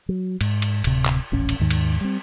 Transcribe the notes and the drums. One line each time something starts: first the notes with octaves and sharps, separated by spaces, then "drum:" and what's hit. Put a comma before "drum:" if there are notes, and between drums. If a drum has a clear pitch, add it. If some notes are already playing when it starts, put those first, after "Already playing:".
F#3
G#2, drum: cymbal
drum: cymbal
D1 C3, drum: cymbal
drum: clap
D#1 A1 C#4
drum: cymbal
D#2 G#2 D#3
drum: cymbal
G3 C4